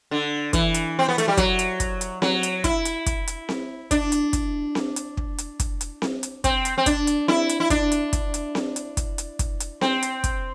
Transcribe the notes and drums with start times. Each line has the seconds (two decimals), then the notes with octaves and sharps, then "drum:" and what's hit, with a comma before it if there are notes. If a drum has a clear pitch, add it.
0.11 D3
0.53 E3, drum: kick, hi-hat
0.74 drum: hi-hat
0.99 C4
1.08 B3
1.18 A3, drum: hi-hat
1.28 G3
1.37 F#3, drum: kick, hi-hat
1.59 drum: hi-hat
1.80 drum: kick, hi-hat
2.01 drum: hi-hat
2.22 F#3, drum: snare C4
2.43 drum: hi-hat
2.64 E4, drum: kick, hi-hat
2.85 drum: hi-hat
3.06 drum: kick, hi-hat
3.27 drum: hi-hat
3.49 drum: snare C4
3.91 D4, drum: kick, hi-hat
4.12 drum: hi-hat
4.33 drum: kick, hi-hat
4.75 drum: snare C4
4.96 drum: hi-hat
5.17 drum: kick
5.38 drum: hi-hat
5.60 drum: kick, hi-hat
5.81 drum: hi-hat
6.02 drum: snare C4
6.23 drum: hi-hat
6.44 C4, drum: kick, hi-hat
6.65 drum: hi-hat
6.78 C4
6.86 D4, drum: kick, hi-hat
7.07 drum: hi-hat
7.28 E4, drum: snare C4
7.49 drum: hi-hat
7.60 E4
7.70 D4, drum: kick, hi-hat
7.92 drum: hi-hat
8.13 drum: kick, hi-hat
8.34 drum: hi-hat
8.55 drum: snare C4
8.76 drum: hi-hat
8.97 drum: kick, hi-hat
9.18 drum: hi-hat
9.39 drum: kick, hi-hat
9.60 drum: hi-hat
9.81 C4, drum: snare C4
10.03 drum: hi-hat
10.24 drum: kick, hi-hat